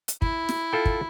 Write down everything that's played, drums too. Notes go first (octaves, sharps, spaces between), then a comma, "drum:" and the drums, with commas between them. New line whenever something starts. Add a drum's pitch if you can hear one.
drum: hi-hat
E4, drum: kick
drum: snare
F4 A4 G5
drum: kick